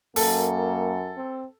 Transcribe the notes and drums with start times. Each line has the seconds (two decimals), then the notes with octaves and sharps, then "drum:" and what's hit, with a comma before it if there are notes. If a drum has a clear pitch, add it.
0.16 F#2 A#3 A4, drum: open hi-hat
1.17 C4